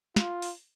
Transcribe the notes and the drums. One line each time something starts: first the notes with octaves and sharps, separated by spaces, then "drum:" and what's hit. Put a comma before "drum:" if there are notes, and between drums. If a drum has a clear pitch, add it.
F4, drum: snare
drum: open hi-hat